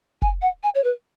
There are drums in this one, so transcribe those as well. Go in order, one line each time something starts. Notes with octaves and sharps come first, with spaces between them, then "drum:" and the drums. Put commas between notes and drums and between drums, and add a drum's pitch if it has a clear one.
G#5, drum: kick F1
F#5
G#5
C#5
B4